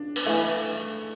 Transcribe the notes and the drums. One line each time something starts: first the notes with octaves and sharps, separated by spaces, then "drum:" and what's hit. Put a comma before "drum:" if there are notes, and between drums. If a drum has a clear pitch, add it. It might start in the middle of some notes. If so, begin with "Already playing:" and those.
Already playing: D4
B3, drum: cymbal
E3 A3